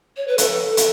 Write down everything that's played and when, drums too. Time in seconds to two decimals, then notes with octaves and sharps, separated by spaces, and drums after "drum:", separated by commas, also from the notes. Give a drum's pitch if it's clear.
0.17 C#5
0.28 B4
0.38 A4, drum: hi-hat
0.77 drum: hi-hat